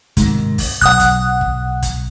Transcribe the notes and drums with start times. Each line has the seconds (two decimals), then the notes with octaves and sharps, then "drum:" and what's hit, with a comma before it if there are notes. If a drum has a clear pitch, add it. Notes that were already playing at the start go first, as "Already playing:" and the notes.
0.17 G#2 C3 D#3, drum: kick, hi-hat
0.58 drum: kick, open hi-hat
0.81 B1 F#5 D#6 F#6
1.00 drum: kick, hi-hat
1.41 drum: kick
1.82 drum: kick, hi-hat